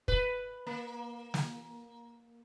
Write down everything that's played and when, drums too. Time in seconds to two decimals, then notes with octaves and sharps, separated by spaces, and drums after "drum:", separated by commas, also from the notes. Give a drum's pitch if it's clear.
0.08 B4, drum: kick
0.67 A#3
1.34 drum: snare